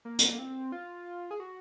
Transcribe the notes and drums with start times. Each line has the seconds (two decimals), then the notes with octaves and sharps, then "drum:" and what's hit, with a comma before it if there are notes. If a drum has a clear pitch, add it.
0.05 A#3
0.19 drum: hi-hat
0.39 C4
0.72 F4
1.31 G#4
1.40 F#4